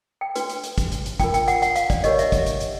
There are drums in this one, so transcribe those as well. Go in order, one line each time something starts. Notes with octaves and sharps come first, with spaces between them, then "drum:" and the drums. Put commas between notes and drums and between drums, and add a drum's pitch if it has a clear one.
G5
D4 F#4 B4, drum: hi-hat
drum: hi-hat
drum: hi-hat
drum: kick, hi-hat
drum: hi-hat
drum: hi-hat
D4 F4 A#4 G5, drum: kick, hi-hat
G5, drum: hi-hat
F#5, drum: hi-hat
F#5, drum: hi-hat
F5, drum: hi-hat
D5, drum: kick, hi-hat
D4 G4 A#4 C#5 D#5, drum: hi-hat
E5, drum: hi-hat
drum: kick, hi-hat
drum: hi-hat
drum: hi-hat